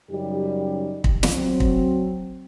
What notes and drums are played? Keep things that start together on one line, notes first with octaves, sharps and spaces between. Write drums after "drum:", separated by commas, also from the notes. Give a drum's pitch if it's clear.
F#2 C#3 G3 D#4 G4
drum: kick
drum: snare
F#3 C4
drum: kick